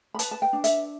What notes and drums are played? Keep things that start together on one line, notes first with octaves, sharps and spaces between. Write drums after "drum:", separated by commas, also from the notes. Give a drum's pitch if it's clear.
B5
B4 A5, drum: hi-hat
A5
G5
D4
E5, drum: hi-hat